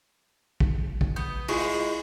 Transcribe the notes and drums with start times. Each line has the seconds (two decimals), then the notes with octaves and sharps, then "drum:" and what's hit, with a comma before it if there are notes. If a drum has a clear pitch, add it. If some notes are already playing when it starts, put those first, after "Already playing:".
0.60 drum: kick
1.01 drum: kick
1.16 B3 D#6 G6
1.49 G#3 E4 F4 C#6, drum: open hi-hat